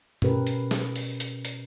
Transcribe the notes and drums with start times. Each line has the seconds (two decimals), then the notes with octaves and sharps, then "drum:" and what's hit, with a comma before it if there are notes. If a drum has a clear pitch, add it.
0.22 B2 C#4 G4 A#4 B4, drum: tom G2
0.47 drum: hi-hat
0.71 drum: snare
0.96 drum: open hi-hat
1.20 drum: hi-hat
1.45 drum: hi-hat